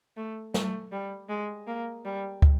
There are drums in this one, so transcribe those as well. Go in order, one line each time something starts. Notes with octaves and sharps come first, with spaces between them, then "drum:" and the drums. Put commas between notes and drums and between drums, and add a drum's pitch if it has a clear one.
A3
A3, drum: snare
G3
G#3
A#3
G3
drum: kick